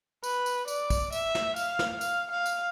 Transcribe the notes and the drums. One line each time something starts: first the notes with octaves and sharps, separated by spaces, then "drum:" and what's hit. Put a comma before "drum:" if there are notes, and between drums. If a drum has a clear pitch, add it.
B4, drum: tambourine
drum: tambourine
D5, drum: tambourine
drum: kick, tambourine
E5, drum: tambourine
drum: snare
F5, drum: tambourine
drum: snare
F5, drum: tambourine
F5
drum: tambourine